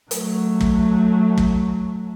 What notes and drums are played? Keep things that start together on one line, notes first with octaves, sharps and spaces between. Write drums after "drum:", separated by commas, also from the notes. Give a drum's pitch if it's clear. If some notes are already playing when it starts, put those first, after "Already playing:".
F#3 A3, drum: hi-hat
drum: kick
drum: kick